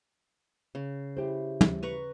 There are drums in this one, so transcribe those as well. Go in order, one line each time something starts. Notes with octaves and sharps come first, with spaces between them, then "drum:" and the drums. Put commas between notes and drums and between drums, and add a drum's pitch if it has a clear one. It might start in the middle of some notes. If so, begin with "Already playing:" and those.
C#3
E4 G4 C5
drum: tom
B4 A#5 C#6